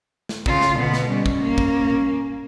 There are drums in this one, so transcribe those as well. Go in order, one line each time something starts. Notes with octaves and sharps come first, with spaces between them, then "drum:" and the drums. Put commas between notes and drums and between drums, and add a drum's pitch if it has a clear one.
drum: snare
C#3 F4, drum: kick
drum: snare
B2 D3 B3
drum: snare
G3 C#4
drum: kick
A#3
drum: kick
drum: tom A#2